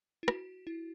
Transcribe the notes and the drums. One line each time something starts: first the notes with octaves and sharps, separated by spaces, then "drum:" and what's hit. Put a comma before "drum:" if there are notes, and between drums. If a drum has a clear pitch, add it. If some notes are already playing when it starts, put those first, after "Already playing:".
E4
F#4, drum: rim click
E4